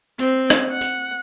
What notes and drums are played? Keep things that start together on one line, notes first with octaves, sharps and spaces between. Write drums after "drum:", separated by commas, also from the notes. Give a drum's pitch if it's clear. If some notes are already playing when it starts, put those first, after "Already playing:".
C4, drum: tambourine
drum: rim click
F#5
drum: tambourine